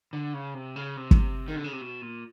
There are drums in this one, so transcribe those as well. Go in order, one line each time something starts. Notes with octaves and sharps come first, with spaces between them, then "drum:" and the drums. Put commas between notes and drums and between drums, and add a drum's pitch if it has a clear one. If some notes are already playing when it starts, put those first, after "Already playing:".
D3
C#3
C3
C#3
C3
drum: kick
D#3
D3
C#3
C3
B2
A#2